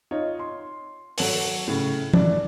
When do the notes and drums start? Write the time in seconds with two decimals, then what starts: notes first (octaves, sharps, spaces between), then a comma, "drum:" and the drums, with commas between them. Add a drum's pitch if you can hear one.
0.11 D#4 F4 C#5
0.39 C6
1.18 F#3 A4 C#5, drum: open hi-hat
1.68 A2 C#3
2.14 E3 D4, drum: tom